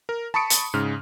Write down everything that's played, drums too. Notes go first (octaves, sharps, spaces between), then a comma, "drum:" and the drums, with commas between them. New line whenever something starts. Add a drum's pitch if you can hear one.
A#4
A5 B5 C#6 D#6 C#7 D7
drum: hi-hat
G#2 C#3 F6